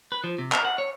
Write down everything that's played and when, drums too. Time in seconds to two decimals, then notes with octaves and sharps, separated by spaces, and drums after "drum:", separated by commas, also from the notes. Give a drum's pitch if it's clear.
0.12 B4
0.24 F3
0.38 C3
0.52 A#4, drum: clap
0.65 F#5
0.78 C#5